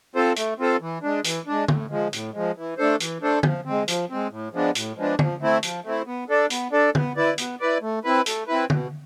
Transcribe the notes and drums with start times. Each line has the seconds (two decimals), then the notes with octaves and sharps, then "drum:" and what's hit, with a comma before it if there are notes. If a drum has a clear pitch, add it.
0.15 C4 F4 A4 C5
0.36 A3, drum: hi-hat
0.59 C4 F4 A4 C5
0.81 E3
1.03 G#3 D4
1.24 E3, drum: hi-hat
1.47 G#3 D4
1.68 A2, drum: tom
1.90 F3 G#3
2.13 A2, drum: hi-hat
2.34 F3 G#3
2.57 E3
2.78 A3 D4 A4 C5
3.00 E3, drum: hi-hat
3.22 A3 D4 A4 C5
3.43 F3, drum: tom
3.65 C4
3.70 G#3
3.88 F3, drum: hi-hat
4.10 G#3 C4
4.31 A2
4.53 F3 G#3 B3 D4
4.75 A2, drum: hi-hat
4.97 F3 G#3 B3 D4
5.19 F3, drum: tom
5.42 A3 C4 E4
5.63 F3, drum: hi-hat
5.84 A3 C4 E4
6.07 B3
6.29 D4 A4 D5
6.50 B3, drum: hi-hat
6.72 D4 A4 D5
6.95 B3, drum: tom
7.16 E4 B4 D5
7.38 B3, drum: hi-hat
7.60 E4 B4 D5
7.82 A3
8.04 C4 E4 B4
8.26 A3, drum: hi-hat
8.47 C4 E4 B4
8.70 B2, drum: tom